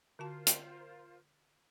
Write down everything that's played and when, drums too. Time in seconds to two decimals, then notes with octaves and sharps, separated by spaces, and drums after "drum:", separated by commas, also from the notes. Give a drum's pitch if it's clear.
0.19 D3 F4 F#4 A#4 C5 A5
0.47 drum: hi-hat